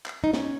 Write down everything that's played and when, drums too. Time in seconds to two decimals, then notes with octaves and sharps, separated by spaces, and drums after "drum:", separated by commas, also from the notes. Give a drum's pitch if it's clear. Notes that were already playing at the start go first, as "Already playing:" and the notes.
0.06 drum: clap
0.24 D#4
0.33 C#4, drum: snare